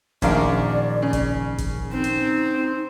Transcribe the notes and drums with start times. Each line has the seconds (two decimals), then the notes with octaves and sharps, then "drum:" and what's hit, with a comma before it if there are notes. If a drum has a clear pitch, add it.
0.22 A#1 F#2 D#3 D4 A#4 D5 F5, drum: kick G#1, hi-hat
1.02 C#3
1.13 drum: kick G#1, hi-hat
1.58 drum: kick G#1, hi-hat
1.91 C4 D#4 C5
2.04 drum: hi-hat